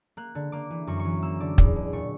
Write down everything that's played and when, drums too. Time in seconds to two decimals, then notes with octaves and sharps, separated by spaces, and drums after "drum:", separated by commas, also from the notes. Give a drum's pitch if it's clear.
0.17 A#3 F#6
0.35 D3
0.52 A#3 D6
0.70 E3
0.87 F#2 C#6
0.99 C#6
1.05 E3
1.22 A#3 E6
1.40 D3 D6
1.58 E2, drum: kick
1.76 B2
1.93 A#2 C#6